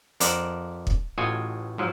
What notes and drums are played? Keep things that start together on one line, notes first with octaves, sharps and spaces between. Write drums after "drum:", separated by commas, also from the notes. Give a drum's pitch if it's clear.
F2 A#4 C5 D5 F#5, drum: hi-hat
drum: kick
A1 A2 F4 F#4 D#5 G#5
G#2 F3 F#3